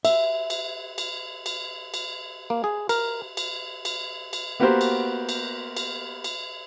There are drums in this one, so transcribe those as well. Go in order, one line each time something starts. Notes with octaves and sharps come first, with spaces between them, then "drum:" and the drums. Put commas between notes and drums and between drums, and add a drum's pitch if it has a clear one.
E5, drum: cymbal
drum: cymbal
drum: cymbal
drum: cymbal
drum: cymbal
A#3
G#4
A#4, drum: cymbal
drum: cymbal
drum: cymbal
drum: cymbal
A#3 B3 F#4 G4 A#4 C5
drum: cymbal
drum: cymbal
drum: cymbal
drum: cymbal